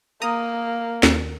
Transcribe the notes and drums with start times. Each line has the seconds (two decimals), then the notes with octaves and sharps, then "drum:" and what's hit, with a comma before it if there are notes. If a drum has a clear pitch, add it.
0.22 A#3 A#5 D#6
1.03 D#2, drum: snare